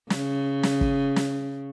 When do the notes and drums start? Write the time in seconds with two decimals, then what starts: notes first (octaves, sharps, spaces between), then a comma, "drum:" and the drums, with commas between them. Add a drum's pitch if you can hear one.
0.10 C#3, drum: snare
0.63 drum: snare
0.81 drum: kick
1.16 drum: snare